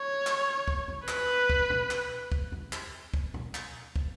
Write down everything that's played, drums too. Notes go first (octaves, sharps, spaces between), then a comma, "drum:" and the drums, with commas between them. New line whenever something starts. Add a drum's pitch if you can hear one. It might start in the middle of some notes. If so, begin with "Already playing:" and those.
Already playing: C#5
drum: clap
drum: kick
drum: tom F2
B4, drum: clap
drum: kick
drum: tom A#2
drum: clap
drum: kick
drum: tom F2
drum: clap
drum: kick
drum: tom A#2
drum: clap
drum: kick